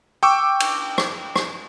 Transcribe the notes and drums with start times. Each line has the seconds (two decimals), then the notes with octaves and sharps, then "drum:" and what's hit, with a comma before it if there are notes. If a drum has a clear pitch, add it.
0.23 G5 C#6 D6 E6
0.60 drum: cymbal
0.98 drum: rim click
1.36 drum: rim click